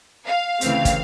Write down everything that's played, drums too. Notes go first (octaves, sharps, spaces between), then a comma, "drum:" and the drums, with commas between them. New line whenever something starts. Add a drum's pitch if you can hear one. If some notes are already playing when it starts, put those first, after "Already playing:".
F5
D2 C#3 E3 A3 C4, drum: hi-hat
drum: kick, hi-hat